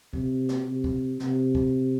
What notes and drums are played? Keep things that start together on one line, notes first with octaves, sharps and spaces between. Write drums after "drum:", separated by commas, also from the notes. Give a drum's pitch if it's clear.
C3, drum: kick
drum: snare
C3
drum: kick
C3, drum: snare
drum: kick